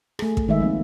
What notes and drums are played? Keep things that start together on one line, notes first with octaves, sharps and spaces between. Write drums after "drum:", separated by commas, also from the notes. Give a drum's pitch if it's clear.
A3 G#4, drum: rim click
drum: kick
D#3 G#3 E5
F3 G#3 A#3 C4